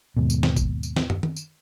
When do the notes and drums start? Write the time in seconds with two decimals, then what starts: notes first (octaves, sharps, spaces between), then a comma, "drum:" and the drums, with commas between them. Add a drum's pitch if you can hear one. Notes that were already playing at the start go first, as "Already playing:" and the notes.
0.17 D#2 G#2 B2
0.30 drum: tambourine
0.43 drum: snare
0.57 drum: kick G#1, tambourine
0.83 drum: tambourine
0.96 drum: snare
1.10 drum: tom
1.23 drum: tom D#3
1.36 drum: tambourine